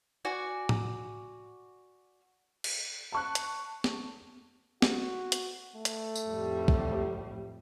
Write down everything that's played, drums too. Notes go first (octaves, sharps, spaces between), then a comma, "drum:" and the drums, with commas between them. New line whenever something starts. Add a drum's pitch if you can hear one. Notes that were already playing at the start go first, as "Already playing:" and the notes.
F#4 D5 G#5
drum: tom A2
drum: cymbal
A5 C#6 F#6
drum: hi-hat
drum: snare
F#4, drum: snare
drum: hi-hat
A3
drum: hi-hat
drum: tambourine
F2 A2 G3
drum: kick